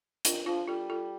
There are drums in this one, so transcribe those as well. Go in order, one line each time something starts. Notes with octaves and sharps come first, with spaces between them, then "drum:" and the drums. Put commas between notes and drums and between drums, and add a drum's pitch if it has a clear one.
D#3 D4 F4, drum: hi-hat
F3 D4 F4
G3 F4 A4
F4 A4